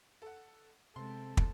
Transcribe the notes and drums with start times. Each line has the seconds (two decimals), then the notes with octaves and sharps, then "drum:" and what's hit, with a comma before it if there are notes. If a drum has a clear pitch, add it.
0.22 A4 F#5
0.96 C3 G#3 B3 C4 A4 C6
1.37 drum: kick